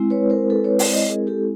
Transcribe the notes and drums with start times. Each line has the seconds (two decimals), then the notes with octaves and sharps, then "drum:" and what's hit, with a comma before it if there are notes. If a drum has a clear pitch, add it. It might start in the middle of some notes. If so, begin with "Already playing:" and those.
Already playing: G#3 C4 E4
0.10 B4 C#5
0.30 A#4 C5
0.50 A4 B4
0.64 B4 C#5
0.79 C5 D5, drum: open hi-hat
0.93 C#5 D#5
1.08 G#4 A#4
1.27 G4 A4